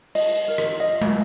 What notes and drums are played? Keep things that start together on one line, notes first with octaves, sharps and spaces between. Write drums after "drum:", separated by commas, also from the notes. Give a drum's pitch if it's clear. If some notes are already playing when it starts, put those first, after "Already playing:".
D#5, drum: open hi-hat
A#4
drum: rim click
D#5
drum: tom